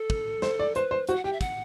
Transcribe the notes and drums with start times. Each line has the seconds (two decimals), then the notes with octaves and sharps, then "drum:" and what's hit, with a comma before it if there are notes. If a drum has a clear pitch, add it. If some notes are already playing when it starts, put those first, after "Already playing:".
Already playing: A4
0.10 drum: kick
0.42 C5, drum: snare
0.59 D5
0.75 B4 C5, drum: hi-hat
0.91 C5
1.07 F#4 C5, drum: hi-hat
1.16 F#5
1.24 G4 G5
1.33 E5
1.41 F#5, drum: kick, hi-hat